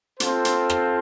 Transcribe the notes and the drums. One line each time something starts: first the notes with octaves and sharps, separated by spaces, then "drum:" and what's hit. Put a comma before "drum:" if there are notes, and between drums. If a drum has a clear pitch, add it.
C4 F4 A4 C5, drum: hi-hat
drum: hi-hat
drum: rim click